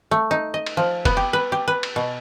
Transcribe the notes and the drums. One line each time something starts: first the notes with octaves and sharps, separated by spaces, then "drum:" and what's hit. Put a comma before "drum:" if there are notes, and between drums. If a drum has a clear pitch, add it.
A3
D#4
D#5
drum: cymbal
F3
B3, drum: kick, cymbal
G4
B4
G4
B4
drum: cymbal
B2